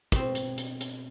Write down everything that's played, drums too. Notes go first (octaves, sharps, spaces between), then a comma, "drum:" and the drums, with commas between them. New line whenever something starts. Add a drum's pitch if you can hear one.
B2 C4, drum: kick, hi-hat
drum: hi-hat
drum: hi-hat
drum: hi-hat